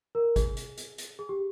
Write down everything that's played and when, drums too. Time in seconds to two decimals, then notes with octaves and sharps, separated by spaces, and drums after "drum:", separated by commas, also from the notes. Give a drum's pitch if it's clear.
0.15 A#4
0.36 G#4, drum: kick G1, hi-hat
0.57 drum: hi-hat
0.77 drum: hi-hat
0.98 drum: hi-hat
1.19 G#4
1.29 G4